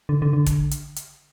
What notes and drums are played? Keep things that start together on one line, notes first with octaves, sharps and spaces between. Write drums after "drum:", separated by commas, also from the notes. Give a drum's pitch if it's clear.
D3
D3
D3
drum: kick, hi-hat
drum: hi-hat
drum: hi-hat